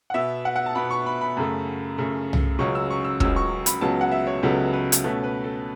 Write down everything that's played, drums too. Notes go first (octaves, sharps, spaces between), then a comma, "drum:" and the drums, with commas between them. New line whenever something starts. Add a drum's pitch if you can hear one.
F#5
B2 B3 E5
F#5
F#5
A5
B2 B3 B5
C#6
B5
B5
F#2 C#3 A3
F#2 C#3 A3
drum: tom C2
C#2 C#3 F#3 C#4 C#6
E6
C#6
E6
C#2 C#3 F#3 C#4 E6, drum: kick
C#6
B5, drum: hi-hat
C#2 C#3 F#3 B3 A5
F#5
E5
C#5
C#2 C#3 F#3 B3 A4
B4
drum: hi-hat
B2 A3 C#4 B4
B4
A4